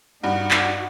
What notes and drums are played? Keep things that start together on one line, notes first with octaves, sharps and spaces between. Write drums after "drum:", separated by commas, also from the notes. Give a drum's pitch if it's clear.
G2 D#4 F#4 F#5
drum: clap